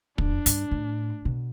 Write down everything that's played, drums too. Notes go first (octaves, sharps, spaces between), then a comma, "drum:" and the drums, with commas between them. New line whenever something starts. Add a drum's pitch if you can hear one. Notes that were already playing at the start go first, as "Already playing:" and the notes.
F2 D4, drum: kick
G2, drum: hi-hat
A2
B2